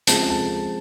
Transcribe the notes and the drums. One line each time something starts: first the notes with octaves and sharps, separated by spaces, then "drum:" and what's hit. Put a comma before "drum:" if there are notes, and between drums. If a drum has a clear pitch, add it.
C#3 F3 G#3 C4 A5, drum: hi-hat
A5